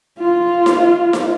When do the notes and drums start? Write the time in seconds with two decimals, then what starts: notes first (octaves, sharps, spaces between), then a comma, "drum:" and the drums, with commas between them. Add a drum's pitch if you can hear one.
0.19 F4
0.66 drum: snare D#4
1.13 drum: snare D#4